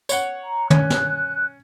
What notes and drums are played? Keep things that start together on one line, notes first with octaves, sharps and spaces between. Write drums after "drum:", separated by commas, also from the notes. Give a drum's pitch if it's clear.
C#5 F#5, drum: tambourine
A#5
C#4 F#6, drum: tom
drum: snare